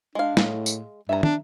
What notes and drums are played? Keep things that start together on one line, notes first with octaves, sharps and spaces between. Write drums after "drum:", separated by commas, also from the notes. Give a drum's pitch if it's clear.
G#3 D4 F5
A2, drum: snare
drum: tambourine
G2 E5 A#5
D4, drum: tom